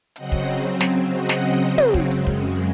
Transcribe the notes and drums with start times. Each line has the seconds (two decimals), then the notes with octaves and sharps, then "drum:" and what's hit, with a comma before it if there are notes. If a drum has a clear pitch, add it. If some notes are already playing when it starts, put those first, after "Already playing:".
0.16 C#3 F#3 C4 D#5 F#5, drum: hi-hat
0.32 drum: kick
0.81 drum: snare
1.13 D#5 F#5
1.29 drum: snare
1.78 drum: tom
1.94 drum: kick
2.11 F#2 C#3 G#3, drum: hi-hat
2.27 drum: kick